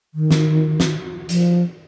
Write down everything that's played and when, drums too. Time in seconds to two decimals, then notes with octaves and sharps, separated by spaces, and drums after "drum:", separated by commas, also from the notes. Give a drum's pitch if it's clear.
0.14 D#3
0.31 drum: snare
0.80 drum: snare
1.29 F3, drum: hi-hat